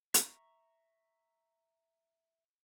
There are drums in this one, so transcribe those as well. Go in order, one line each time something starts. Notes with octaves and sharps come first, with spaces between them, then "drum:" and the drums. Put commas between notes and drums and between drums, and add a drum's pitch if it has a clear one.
E5 A#5 C#6, drum: hi-hat